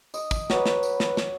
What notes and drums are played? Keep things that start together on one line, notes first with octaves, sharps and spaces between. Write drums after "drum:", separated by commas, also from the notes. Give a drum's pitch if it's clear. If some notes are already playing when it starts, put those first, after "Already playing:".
D#5, drum: tambourine
drum: kick, tambourine
F#3 B4 D6, drum: snare
drum: snare
drum: tambourine
drum: snare
drum: snare